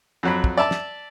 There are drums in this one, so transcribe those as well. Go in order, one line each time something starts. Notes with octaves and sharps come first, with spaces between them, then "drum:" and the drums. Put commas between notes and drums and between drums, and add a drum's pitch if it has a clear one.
F2 F#3 B5
drum: kick
D5 E5 A5
drum: snare